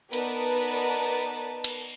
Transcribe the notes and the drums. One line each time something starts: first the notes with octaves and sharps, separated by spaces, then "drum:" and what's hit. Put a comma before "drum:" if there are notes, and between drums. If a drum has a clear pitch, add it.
B3 D#4 A#4 B4 D5 A5, drum: hi-hat
drum: cymbal